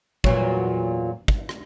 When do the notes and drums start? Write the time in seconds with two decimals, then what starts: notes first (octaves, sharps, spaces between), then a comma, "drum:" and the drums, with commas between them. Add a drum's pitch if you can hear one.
0.24 E2 A#2 F#3, drum: kick
1.28 drum: kick
1.49 drum: rim click